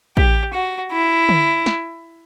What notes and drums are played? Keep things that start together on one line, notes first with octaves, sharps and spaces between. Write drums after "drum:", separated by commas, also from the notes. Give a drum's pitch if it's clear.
G4, drum: kick
F#4
E4
drum: tom D3
drum: snare